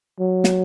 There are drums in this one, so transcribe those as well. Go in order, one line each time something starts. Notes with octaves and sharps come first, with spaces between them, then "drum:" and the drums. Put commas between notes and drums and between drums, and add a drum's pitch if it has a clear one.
F#3
drum: snare